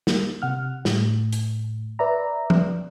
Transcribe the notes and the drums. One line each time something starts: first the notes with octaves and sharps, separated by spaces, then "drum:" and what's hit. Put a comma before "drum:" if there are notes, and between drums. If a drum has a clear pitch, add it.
A#3, drum: snare
C3 F#5 F6
A2, drum: snare
drum: hi-hat
B4 D5 E5 A#5
drum: tom